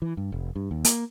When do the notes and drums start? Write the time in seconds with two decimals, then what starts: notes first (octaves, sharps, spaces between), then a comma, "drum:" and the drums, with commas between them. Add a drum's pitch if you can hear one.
0.02 E3
0.17 G2
0.32 F1
0.56 G2
0.71 D#2
0.85 A#3, drum: hi-hat